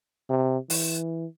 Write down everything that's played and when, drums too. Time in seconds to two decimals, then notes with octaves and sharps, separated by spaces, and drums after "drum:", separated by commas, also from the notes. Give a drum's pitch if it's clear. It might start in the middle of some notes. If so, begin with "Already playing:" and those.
0.30 C3
0.70 E3, drum: open hi-hat